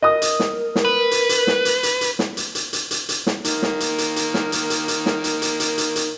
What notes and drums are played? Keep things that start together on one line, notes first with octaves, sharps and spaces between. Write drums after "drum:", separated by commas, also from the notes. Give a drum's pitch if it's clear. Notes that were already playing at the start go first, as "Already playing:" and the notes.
A#4 D#5 D#6
drum: hi-hat
drum: snare
drum: snare
B4
drum: hi-hat
drum: hi-hat
drum: snare
drum: hi-hat
drum: hi-hat
drum: hi-hat
drum: snare
drum: hi-hat
drum: hi-hat
drum: hi-hat
drum: hi-hat
drum: hi-hat
drum: snare
D#3 A#3, drum: hi-hat
drum: snare
drum: hi-hat
drum: hi-hat
drum: hi-hat
drum: snare
drum: hi-hat
drum: hi-hat
drum: hi-hat
drum: snare
drum: hi-hat
drum: hi-hat
drum: hi-hat
drum: hi-hat
drum: hi-hat